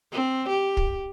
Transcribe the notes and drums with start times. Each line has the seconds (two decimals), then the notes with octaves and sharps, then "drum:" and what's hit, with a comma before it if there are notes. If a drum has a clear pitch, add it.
0.12 C4
0.49 G4
0.77 drum: kick